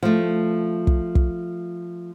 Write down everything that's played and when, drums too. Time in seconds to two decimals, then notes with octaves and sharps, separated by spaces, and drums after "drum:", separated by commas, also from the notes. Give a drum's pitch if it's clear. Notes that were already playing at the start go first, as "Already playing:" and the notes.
0.03 F3 A3
0.87 drum: kick
1.15 drum: kick